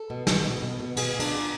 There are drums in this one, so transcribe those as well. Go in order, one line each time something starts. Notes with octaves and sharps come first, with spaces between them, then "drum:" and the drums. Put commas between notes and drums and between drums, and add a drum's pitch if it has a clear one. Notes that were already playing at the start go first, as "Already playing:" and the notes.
Already playing: A4
B2
B2, drum: snare
B2
B2
B2
B2 G#4, drum: cymbal
B2
D4, drum: cymbal
B2